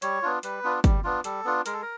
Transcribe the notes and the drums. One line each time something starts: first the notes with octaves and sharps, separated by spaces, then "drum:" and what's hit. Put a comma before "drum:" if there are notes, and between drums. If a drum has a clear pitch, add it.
G3 C#5, drum: hi-hat
B3 D4 F4
G3 B4, drum: hi-hat
B3 D4 F4
G3, drum: kick, hi-hat
B3 D4 F4
G3 A4, drum: hi-hat
B3 D4 F4
G#3 A#4, drum: hi-hat
A4
A#4